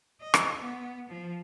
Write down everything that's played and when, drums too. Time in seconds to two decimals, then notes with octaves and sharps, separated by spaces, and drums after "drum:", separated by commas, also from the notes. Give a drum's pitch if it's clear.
0.21 D#5
0.34 drum: rim click
0.60 B3
1.09 F3